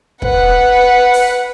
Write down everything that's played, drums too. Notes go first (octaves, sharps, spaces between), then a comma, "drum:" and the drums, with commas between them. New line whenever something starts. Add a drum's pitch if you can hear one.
B4 F#5, drum: kick
drum: open hi-hat